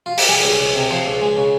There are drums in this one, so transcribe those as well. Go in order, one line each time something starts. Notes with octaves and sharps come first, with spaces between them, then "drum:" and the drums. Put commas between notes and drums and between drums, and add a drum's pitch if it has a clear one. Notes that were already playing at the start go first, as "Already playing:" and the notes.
F4
G4, drum: open hi-hat
G3 G#4
C#2
C#2
C3
F3 C5
C#2
G#3
C#3